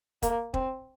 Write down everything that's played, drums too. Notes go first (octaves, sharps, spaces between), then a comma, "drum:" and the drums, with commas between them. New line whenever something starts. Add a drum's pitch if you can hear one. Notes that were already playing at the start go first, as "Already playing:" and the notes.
A#3, drum: kick, hi-hat
C4, drum: kick